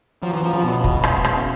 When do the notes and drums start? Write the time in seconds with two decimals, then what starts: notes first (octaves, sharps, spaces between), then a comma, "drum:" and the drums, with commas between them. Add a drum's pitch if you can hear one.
0.22 F3 F#3
0.33 E3
0.43 C#3 F3
0.53 F3
0.63 B2 B3
0.84 C#3, drum: kick
1.04 E3, drum: rim click
1.24 C#3, drum: rim click